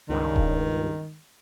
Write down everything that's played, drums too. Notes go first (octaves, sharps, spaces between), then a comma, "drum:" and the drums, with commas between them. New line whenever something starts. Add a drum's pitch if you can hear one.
C#2 G2 D#3
drum: kick D#1